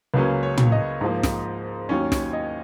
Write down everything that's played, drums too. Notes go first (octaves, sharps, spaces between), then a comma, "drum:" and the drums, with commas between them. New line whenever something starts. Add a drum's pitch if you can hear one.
C#2 C#3 F#3 A#3 C#4 B4
C#5
drum: tom
D#5
G#2 F3 A#3
drum: snare
D#2 D#3 F#3 C#4 C#5
C#5, drum: snare
D#5